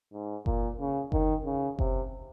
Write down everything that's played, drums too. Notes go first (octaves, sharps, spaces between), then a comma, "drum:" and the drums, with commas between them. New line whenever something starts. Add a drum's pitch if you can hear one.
G#2
A#2, drum: kick F#1
C#3
D#3, drum: kick F#1
C#3
C3, drum: kick F#1